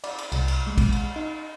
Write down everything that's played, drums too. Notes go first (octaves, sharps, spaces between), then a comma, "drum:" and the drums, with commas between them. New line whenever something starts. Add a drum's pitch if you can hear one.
D5, drum: cymbal
drum: cymbal
C2, drum: cymbal
drum: cymbal
G#3
drum: kick A1, cymbal
drum: cymbal
D#4